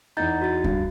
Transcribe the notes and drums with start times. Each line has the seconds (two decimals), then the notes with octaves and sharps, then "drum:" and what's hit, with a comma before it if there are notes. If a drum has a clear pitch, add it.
0.17 E2 D#4 A#5 G6 A6
0.41 F#4 A6
0.64 G2, drum: kick C#2